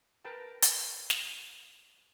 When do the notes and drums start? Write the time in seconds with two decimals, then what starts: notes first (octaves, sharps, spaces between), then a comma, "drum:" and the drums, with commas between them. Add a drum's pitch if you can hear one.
0.25 A#4 B4 G5 A5
0.62 drum: hi-hat
1.10 drum: snare